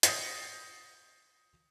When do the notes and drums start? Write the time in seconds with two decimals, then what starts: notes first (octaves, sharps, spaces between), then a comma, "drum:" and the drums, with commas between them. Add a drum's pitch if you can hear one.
0.03 D#6 G6 A6 A#6 C7 C#7, drum: hi-hat